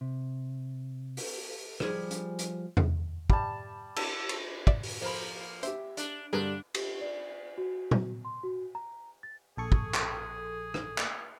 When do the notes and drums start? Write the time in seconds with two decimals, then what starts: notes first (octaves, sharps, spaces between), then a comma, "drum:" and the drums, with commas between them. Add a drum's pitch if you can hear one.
0.01 C3
1.17 drum: open hi-hat
1.80 F3 G3 G#4, drum: rim click
2.11 drum: hi-hat
2.39 drum: hi-hat
2.77 drum: tom E2
3.30 G3 A5, drum: kick
3.96 A4, drum: cymbal
4.29 drum: cymbal
4.67 D5 E5, drum: kick
4.83 drum: open hi-hat
5.01 F3 A#3 C5 B5
5.63 G4 C5 E5, drum: hi-hat
5.97 D4, drum: hi-hat
6.33 G2 D3 G3 D4 G#4 A#4 B4
6.75 G4, drum: cymbal
7.01 D5
7.58 F#4
7.91 drum: tom A#2
8.25 C6
8.43 F#4
8.75 A#5
9.23 A6
9.57 A#1 G#4 A4 C#6
9.72 drum: kick
9.94 drum: clap
10.74 drum: rim click
10.98 drum: clap